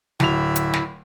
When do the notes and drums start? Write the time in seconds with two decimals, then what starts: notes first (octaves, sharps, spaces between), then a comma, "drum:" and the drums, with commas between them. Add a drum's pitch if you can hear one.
0.20 D1 E4 F7, drum: snare
0.56 drum: hi-hat
0.73 drum: snare